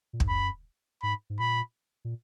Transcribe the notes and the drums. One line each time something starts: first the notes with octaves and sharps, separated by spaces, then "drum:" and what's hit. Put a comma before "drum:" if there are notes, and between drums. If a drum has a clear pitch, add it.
A#2
G#2, drum: kick
F#2 B5
G#2 B5
G#2
A#2 B5
A#2